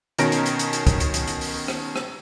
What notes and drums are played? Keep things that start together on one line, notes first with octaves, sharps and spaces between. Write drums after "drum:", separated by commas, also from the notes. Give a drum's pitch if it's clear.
B2 D#3 C#4 A#5 A#6 D7, drum: hi-hat
drum: hi-hat
drum: hi-hat
drum: hi-hat
drum: hi-hat
drum: kick, hi-hat
drum: hi-hat
drum: hi-hat
drum: hi-hat
drum: open hi-hat
drum: rim click
drum: rim click